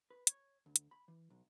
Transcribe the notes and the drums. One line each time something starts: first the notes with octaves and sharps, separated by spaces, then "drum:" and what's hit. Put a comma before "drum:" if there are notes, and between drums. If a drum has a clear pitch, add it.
B4
C#5, drum: hi-hat
D2
drum: hi-hat
B5
E3
B1